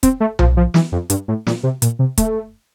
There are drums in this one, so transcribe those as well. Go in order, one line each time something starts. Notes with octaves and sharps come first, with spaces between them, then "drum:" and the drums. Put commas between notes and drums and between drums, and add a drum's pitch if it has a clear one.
C4, drum: kick, hi-hat
A3
F3, drum: tom B1
F3
E3, drum: snare
F2
G2, drum: hi-hat
A2
A#2, drum: snare
C3
A#2, drum: hi-hat
C3
A3, drum: kick, hi-hat